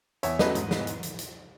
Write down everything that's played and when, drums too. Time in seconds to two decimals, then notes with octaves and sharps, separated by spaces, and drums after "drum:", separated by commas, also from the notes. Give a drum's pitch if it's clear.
0.23 E2 C#5 E5, drum: hi-hat
0.39 C#3 F#3 A3 B4 D#5, drum: snare
0.55 G#2, drum: hi-hat
0.71 E3 B3, drum: snare
0.87 drum: hi-hat
1.03 drum: hi-hat
1.19 drum: hi-hat